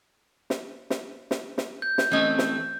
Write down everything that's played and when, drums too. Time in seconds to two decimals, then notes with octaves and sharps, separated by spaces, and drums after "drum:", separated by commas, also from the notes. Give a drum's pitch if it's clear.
0.50 drum: snare
0.90 drum: snare
1.31 drum: snare
1.58 drum: snare
1.82 G6
1.98 drum: snare
2.12 E3 A3 C4 C#4 D#5
2.38 drum: snare